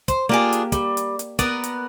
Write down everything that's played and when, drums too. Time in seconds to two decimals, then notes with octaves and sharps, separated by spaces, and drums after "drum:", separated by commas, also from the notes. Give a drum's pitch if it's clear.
0.08 C5, drum: kick, hi-hat
0.29 A#3 D4 F4 G4 G#4
0.53 drum: hi-hat
0.72 G3, drum: kick, hi-hat
0.97 drum: hi-hat
1.19 drum: hi-hat
1.39 B3 A#4 B4 D5, drum: kick, hi-hat
1.64 drum: hi-hat